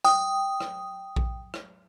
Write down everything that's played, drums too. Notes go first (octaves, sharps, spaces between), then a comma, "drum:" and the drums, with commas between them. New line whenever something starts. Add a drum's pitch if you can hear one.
G5 D#6, drum: rim click
drum: rim click
drum: kick A#1
drum: rim click